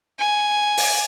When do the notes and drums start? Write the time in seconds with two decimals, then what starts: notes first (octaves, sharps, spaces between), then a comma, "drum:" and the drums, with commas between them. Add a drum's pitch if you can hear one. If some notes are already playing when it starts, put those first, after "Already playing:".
0.19 G#5
0.77 drum: open hi-hat